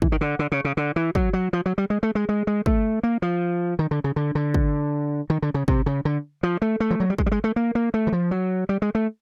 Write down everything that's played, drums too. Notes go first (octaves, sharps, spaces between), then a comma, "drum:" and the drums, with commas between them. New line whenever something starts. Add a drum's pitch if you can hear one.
E3, drum: kick
D#3
D3
D3
C#3
C#3
D3
E3
F#3, drum: kick
F#3
F3
F#3
G3
G#3
A3
G#3
G#3
G#3
A3, drum: kick
A#3
F3
D#3
D3
C#3
D3
D3
drum: kick
D#3
D3
C#3
C3, drum: kick
C#3
D3
F3
A3
A3
F3
F#3
G3
G#3, drum: kick
G3
G#3
A3
A#3
A#3
A3
E3
F3
F#3
G3
G#3
A3